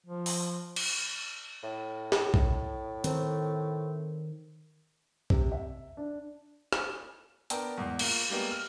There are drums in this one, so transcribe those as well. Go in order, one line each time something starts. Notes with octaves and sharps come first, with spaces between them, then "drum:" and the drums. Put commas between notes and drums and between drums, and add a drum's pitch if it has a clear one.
F3
drum: open hi-hat
drum: cymbal
A2
drum: snare
drum: kick B1
D#3 C4 A4 C5, drum: hi-hat
C3, drum: kick B1
E5
D4
drum: rim click
B3 D4 A#4 G5 A5, drum: hi-hat
E2 G#2
A#3 F4, drum: cymbal
G3 G#3 A#3 B3 G4
F6